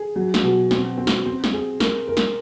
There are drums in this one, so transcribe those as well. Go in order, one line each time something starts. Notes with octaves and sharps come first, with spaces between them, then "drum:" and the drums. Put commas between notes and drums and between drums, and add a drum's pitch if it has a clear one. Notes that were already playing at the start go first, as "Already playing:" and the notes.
Already playing: G#4
F#3
drum: snare
B2
C4, drum: snare
C4
drum: snare
C4
drum: snare
G#4
A#4, drum: snare
A#4
drum: snare